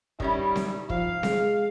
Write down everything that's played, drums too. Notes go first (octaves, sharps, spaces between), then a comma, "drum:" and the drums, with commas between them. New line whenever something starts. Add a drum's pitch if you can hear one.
D#3 G3 C#4 E4, drum: kick
drum: snare C4
F3 F5, drum: kick
G#3, drum: snare C4